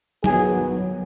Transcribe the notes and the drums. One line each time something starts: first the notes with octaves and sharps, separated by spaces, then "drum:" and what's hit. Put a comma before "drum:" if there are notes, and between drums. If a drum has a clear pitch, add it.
D#3 F#3 B3 G#4, drum: tom F#3